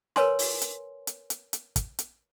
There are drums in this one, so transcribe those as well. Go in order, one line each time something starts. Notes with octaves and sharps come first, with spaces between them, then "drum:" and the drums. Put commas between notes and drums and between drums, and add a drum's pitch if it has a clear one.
A#4 B4 C#5 G#5 C6, drum: snare
drum: open hi-hat
drum: hi-hat
drum: hi-hat
drum: hi-hat
drum: hi-hat
drum: kick, hi-hat
drum: hi-hat